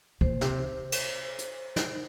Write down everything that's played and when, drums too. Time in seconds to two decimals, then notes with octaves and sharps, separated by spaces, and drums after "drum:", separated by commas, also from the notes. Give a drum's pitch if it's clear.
0.21 A#2 C5, drum: kick
0.41 C3, drum: snare
0.92 drum: cymbal
1.38 drum: hi-hat
1.76 drum: snare